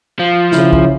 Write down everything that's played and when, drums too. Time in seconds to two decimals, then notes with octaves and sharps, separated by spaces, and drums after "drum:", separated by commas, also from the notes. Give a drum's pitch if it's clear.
0.19 F3 F4
0.52 C#3 E4, drum: snare
0.73 drum: kick